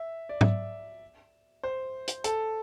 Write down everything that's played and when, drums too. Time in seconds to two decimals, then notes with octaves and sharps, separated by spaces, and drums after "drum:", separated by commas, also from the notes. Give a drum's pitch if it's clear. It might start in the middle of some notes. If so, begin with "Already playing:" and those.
Already playing: E5
0.29 D5
0.41 E5, drum: tom G#2
1.63 C5
2.08 drum: hi-hat
2.24 A4, drum: hi-hat